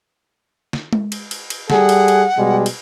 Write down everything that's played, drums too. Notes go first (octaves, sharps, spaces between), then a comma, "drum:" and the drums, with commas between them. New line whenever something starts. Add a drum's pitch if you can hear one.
drum: snare
drum: tom G#3
drum: cymbal
drum: cymbal
drum: cymbal
G3 G#4 A4 F#5, drum: snare
drum: cymbal
drum: cymbal
B2 G3 G#3
drum: cymbal